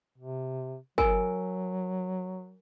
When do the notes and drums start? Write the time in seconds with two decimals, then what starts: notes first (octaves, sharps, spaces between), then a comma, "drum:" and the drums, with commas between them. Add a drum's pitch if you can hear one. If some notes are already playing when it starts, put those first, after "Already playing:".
0.18 C3
0.98 F#3 A#4 G#5, drum: kick